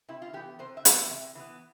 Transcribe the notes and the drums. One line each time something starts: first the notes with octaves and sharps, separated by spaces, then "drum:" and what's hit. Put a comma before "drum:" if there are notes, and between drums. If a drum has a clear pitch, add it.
C3 E4
F4
E3 B3 G4
C3 C5
E5
E3 B3, drum: hi-hat
E5
C3
E3 B3